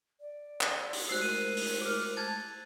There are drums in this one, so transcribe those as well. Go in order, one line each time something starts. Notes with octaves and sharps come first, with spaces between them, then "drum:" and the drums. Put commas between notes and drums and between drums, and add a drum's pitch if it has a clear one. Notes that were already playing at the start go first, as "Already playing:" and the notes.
D5
drum: clap
drum: open hi-hat
G#3 A3 F#4 C5 E6 F#6 C7
A#4 D#7
drum: open hi-hat
D6 F6
A5 G#6 A6